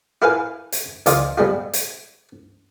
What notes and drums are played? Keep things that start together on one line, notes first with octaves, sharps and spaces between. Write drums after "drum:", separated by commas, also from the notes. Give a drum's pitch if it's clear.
E4 F4 A#4 B4 F5 G#5
drum: hi-hat
C#2 D#3 F4 D5 F5 C6, drum: hi-hat
B2 G3 G#3 F4
drum: hi-hat